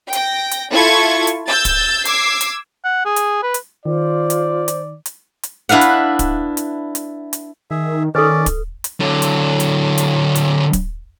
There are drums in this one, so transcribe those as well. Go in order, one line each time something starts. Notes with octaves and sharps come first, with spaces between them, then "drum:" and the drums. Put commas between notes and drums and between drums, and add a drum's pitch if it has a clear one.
G5 A#6, drum: hi-hat
drum: hi-hat
E4 F4 A4 C#6 G#6
drum: hi-hat
E6 G6 A6
drum: kick, hi-hat
D6 E6 G#6 C7, drum: hi-hat
drum: hi-hat
F#5
G#4
drum: hi-hat
B4
drum: hi-hat
D#3 F4 C5 D5
drum: hi-hat
drum: hi-hat
drum: hi-hat
drum: hi-hat
D4 E4 B4 F5 F#5
drum: hi-hat
drum: kick, hi-hat
drum: hi-hat
drum: hi-hat
drum: hi-hat
D#3 G#4 E5
D#3 C#4 A4 B4 D5
drum: kick, hi-hat
drum: hi-hat
D3 F#3
drum: hi-hat
drum: hi-hat
drum: hi-hat
drum: hi-hat
drum: kick, hi-hat